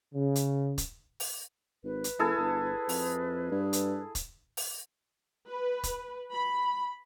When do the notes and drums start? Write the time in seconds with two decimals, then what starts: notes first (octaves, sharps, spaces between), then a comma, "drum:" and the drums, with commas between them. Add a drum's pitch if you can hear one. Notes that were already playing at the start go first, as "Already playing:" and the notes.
0.15 C#3
0.35 drum: hi-hat
0.78 drum: kick, hi-hat
1.20 drum: open hi-hat
1.84 G#1 B4
2.04 drum: hi-hat
2.19 F#1 E4 G#4 A4
2.39 G1
2.89 F2, drum: open hi-hat
3.52 G2
3.73 drum: hi-hat
4.15 drum: kick, hi-hat
4.57 drum: open hi-hat
5.49 B4
5.83 drum: kick, hi-hat
6.33 B5